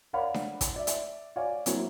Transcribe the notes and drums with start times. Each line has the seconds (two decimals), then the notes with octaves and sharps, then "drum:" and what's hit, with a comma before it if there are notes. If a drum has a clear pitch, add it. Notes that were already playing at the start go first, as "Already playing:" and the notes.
0.13 A#4 C#5 D5 F5 F#5 B5
0.34 drum: snare D4
0.61 drum: kick, hi-hat
0.76 D5 E5
0.87 drum: hi-hat
1.36 C#5 D5 F5 G#5
1.66 F#3 A#3 C4 E4 C#5, drum: hi-hat